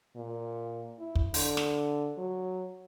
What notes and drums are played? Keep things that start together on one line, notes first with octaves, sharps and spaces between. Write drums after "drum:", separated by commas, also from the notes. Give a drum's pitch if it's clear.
A#2
E4
drum: kick
D3, drum: open hi-hat
drum: snare
F#3